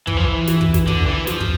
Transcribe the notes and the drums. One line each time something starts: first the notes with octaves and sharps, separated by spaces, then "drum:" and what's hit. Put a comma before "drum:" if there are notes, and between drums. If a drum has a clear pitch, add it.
E3, drum: kick
F3
E3
drum: snare
drum: kick
drum: snare
D3, drum: kick
E3
F3, drum: snare
drum: kick